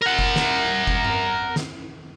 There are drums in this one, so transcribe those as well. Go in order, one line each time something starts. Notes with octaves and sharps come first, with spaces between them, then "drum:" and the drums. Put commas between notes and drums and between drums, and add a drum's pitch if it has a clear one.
A#4 F#5
drum: kick F#1
drum: snare
drum: kick F#1
drum: tom G2
drum: snare